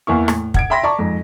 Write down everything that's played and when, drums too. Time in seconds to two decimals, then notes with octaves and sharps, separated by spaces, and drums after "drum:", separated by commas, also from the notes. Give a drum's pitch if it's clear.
0.07 E2 A#3 E4 C#6
0.28 A2, drum: rim click
0.54 F#5 G#6 D7, drum: kick
0.70 E5 G5 B5 C6 A#6 B6
0.83 D5 A5 A#5 C#6
0.99 F2 G#2